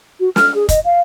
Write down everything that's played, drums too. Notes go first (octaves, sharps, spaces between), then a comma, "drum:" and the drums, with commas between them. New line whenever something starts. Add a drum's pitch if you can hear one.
F#4
F6, drum: snare
G#4
D#5, drum: kick, hi-hat
F5